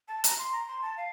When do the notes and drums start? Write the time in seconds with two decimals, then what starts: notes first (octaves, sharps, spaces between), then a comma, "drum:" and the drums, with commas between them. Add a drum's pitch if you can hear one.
0.08 A5
0.24 A#5, drum: hi-hat
0.38 C6
0.53 A#5
0.67 C6
0.82 A5
0.97 F5